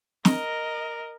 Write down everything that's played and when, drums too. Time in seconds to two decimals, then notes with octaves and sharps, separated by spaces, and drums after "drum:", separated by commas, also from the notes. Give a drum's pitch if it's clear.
0.25 A#4 D#5, drum: snare